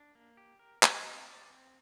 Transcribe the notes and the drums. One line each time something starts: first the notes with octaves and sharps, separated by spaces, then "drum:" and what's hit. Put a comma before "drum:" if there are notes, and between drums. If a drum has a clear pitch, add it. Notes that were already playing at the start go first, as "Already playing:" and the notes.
Already playing: D4
A#3
G4
A#4
A#4, drum: clap
C4
D5
C4